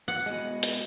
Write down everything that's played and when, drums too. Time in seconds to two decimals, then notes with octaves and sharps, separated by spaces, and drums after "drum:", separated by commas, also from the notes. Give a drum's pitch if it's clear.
0.08 F#5
0.26 B2 G#3
0.63 drum: hi-hat